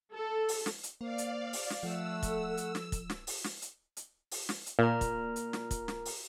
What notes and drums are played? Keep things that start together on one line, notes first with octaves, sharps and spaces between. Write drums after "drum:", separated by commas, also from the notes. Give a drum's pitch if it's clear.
A4
drum: open hi-hat
drum: snare
drum: hi-hat
A#3 C5 D5 F5
drum: hi-hat
drum: open hi-hat
drum: snare
F3 A3 A4 F#5 E6
drum: kick, hi-hat
drum: hi-hat
drum: snare
drum: kick, hi-hat
drum: snare
drum: open hi-hat
drum: snare
drum: hi-hat
drum: hi-hat
drum: open hi-hat
drum: snare
drum: hi-hat
A#2 A#4 A#5
drum: kick, hi-hat
drum: hi-hat
drum: snare
drum: kick, hi-hat
drum: snare
drum: open hi-hat